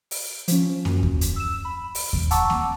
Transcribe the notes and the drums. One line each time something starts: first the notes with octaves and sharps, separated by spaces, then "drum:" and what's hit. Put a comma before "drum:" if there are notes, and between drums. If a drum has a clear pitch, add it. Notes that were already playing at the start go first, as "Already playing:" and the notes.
drum: open hi-hat
F3 C#4, drum: hi-hat
F#2, drum: snare A#3
drum: kick D#2
drum: hi-hat
E6 E7
B5
drum: open hi-hat
drum: kick D#2
F#5 A5 A#5 C#6 D6 E6, drum: hi-hat
drum: snare A#3